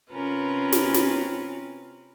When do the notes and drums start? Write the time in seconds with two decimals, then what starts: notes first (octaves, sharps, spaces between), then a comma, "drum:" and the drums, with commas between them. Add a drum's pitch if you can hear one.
0.11 C3 C4 C#4 F4 A#4 B4
0.72 drum: snare
0.94 drum: snare